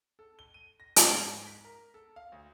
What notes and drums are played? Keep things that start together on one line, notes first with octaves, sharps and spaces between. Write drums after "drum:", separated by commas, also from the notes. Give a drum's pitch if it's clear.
A4
G7
D#7
A#6
D4, drum: hi-hat
G#2
B6
A#4
A4
F5
D2